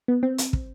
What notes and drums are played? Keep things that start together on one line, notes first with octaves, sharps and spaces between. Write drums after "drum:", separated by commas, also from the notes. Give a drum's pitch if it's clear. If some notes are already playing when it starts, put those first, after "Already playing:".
B3
C4
drum: hi-hat
drum: kick